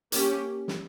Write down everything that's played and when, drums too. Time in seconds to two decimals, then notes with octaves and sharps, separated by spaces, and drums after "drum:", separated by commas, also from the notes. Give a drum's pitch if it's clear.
0.12 A#3 C#4 G4, drum: hi-hat
0.68 drum: snare